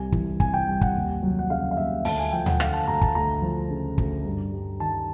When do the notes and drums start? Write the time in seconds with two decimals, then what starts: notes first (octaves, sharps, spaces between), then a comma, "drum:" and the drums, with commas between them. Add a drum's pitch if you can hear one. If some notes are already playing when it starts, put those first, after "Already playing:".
Already playing: C2 G#5
0.12 E3, drum: kick
0.40 C3 G#5, drum: kick
0.54 G5
0.68 G3
0.81 F#5, drum: kick
0.95 D#2
1.23 F#3
1.39 F#5
1.50 C#3 F5
1.71 F5
1.77 D#2 E5
2.05 D2 A5, drum: open hi-hat
2.19 G#5
2.32 F3 G5
2.46 F#5, drum: tom D2
2.60 D3 F5, drum: rim click
2.74 A5
2.87 D2 A#5
3.01 A5, drum: kick
3.15 D2 A#5
3.42 F3
3.70 C#3
3.98 D2, drum: kick
4.25 G2
4.52 G3
4.80 D#3 A5